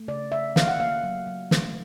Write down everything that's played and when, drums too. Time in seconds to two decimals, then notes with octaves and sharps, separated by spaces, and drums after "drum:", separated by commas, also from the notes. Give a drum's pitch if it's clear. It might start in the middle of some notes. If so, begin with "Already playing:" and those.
Already playing: A3
0.08 C#3 D5
0.32 C#3 E5
0.56 A#3 F5, drum: snare
0.68 F#5
0.80 A#3 F5
1.04 F#3
1.27 F#3
1.51 A3, drum: snare